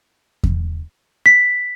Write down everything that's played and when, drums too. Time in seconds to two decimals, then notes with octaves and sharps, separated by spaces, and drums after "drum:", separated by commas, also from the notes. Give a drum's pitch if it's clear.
0.43 drum: kick E2
1.26 B6